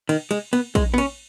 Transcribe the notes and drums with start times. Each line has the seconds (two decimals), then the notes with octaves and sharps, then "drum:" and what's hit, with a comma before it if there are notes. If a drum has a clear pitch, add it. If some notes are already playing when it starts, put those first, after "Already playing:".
0.09 D#3, drum: cymbal
0.31 G#3, drum: cymbal
0.53 B3, drum: cymbal
0.75 G#3, drum: kick, cymbal
0.94 B3
0.98 C#4, drum: cymbal